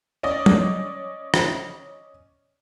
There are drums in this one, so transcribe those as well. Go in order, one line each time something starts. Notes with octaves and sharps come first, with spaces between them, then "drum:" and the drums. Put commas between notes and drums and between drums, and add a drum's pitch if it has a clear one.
C#4 D5 D#5
drum: tom F#3
drum: rim click